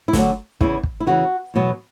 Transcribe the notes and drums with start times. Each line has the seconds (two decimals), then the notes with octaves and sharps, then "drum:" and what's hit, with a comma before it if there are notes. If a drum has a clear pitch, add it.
0.08 E4
0.13 D2 D3 F#3 D4, drum: snare
0.61 E2 C#3 E3 E4, drum: kick
0.83 drum: kick
1.00 E4
1.07 E2 C#3 E3 F#4
1.54 E2 B2 F#3